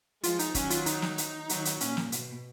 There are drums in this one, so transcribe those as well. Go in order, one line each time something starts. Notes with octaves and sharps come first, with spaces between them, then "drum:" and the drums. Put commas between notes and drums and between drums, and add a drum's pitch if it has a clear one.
F3 G#3 F4, drum: hi-hat
D#4, drum: hi-hat
D#3 F#3 C#4, drum: kick E1, hi-hat
F4, drum: hi-hat
D#4, drum: hi-hat
drum: snare
drum: hi-hat
D#3 F#3, drum: hi-hat
drum: hi-hat
A#2 C#4, drum: hi-hat
drum: snare
B2, drum: hi-hat